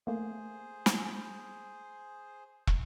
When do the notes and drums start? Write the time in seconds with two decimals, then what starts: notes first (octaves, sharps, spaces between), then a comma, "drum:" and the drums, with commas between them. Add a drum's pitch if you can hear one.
0.07 A3 A#3 G#4 C5
0.86 drum: snare
2.67 A#5, drum: kick